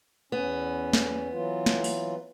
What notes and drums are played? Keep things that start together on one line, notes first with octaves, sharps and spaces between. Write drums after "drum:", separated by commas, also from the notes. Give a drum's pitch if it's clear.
E2 B3 C#4
drum: snare
E3 F#3 F4
drum: snare
drum: open hi-hat